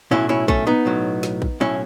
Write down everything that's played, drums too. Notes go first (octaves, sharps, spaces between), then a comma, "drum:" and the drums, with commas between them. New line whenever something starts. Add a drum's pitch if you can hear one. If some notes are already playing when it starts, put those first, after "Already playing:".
B1 A2 F#3 C#4 E4
C#4 E4
A3 C#4, drum: kick A#1
B3 D#4
B1 A2 F#3
drum: snare
drum: kick A#1
B1 A2 F#3 C#4 E4